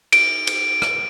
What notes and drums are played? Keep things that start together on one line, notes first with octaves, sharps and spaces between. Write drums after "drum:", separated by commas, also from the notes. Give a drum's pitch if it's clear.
D7, drum: cymbal
drum: cymbal
drum: rim click